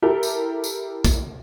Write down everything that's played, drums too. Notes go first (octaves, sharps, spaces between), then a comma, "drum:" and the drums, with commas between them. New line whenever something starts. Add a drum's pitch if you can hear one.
E4 G4 A4 A#4
drum: tambourine
drum: tambourine
drum: kick, tambourine